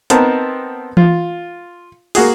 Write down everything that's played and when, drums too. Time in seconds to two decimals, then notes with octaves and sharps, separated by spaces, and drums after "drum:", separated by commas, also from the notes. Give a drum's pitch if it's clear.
0.10 B3 C4 D#4 A#4 A5, drum: hi-hat
0.97 F4, drum: tom E3
2.15 A#3 F#4 G#4, drum: open hi-hat